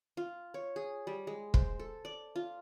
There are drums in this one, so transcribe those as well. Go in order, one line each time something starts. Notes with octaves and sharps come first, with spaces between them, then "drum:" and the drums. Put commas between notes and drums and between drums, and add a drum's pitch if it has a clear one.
F4
C#5
G#4
G3
G#3
C5, drum: kick
A4
D5
F4